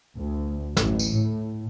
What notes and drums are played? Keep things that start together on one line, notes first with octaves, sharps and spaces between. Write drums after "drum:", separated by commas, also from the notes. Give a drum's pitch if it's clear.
D2
A1, drum: snare
drum: tambourine
A2